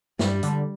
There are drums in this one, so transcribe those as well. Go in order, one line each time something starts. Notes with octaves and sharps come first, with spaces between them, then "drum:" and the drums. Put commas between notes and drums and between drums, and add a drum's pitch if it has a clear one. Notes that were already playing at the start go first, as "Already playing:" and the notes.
G2 G3, drum: snare
D3, drum: hi-hat